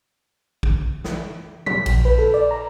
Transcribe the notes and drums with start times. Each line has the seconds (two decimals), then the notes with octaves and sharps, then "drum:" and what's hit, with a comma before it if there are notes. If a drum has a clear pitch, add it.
0.63 drum: kick
1.04 drum: snare
1.66 B6, drum: tom
1.86 A#1, drum: cymbal
2.05 B4
2.19 A4
2.34 D5
2.51 A#5